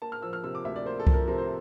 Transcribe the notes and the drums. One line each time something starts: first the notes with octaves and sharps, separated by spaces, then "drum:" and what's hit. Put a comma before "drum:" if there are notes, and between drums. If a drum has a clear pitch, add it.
A#3 A5
F6
F3 E6
F6
C3 E6
D6
D2 E5
D5
A#3 C5
A4
F3, drum: kick C2
A#4
C3 A#4
C5